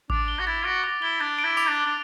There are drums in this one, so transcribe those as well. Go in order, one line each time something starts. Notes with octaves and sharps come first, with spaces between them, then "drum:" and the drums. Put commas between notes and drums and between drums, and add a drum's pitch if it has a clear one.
D4 D6, drum: kick A1
G7
F#4
E4 A6
F#4 D7
D6
E4 G7
D4 A6
D7
E4
D6, drum: tambourine
D4
G7
D4